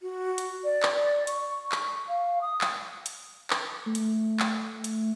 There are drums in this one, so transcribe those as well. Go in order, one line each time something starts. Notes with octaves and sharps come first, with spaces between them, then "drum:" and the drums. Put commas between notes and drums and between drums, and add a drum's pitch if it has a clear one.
F#4
drum: hi-hat
D5
drum: clap
C#6, drum: hi-hat
drum: clap
F5
D#6
drum: clap
drum: hi-hat
drum: clap
A3
drum: hi-hat
drum: clap
drum: hi-hat